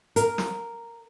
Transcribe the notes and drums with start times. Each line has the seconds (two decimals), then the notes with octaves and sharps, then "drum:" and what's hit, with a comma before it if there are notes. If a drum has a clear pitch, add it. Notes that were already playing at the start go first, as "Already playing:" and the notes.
0.16 A#4, drum: hi-hat
0.38 drum: snare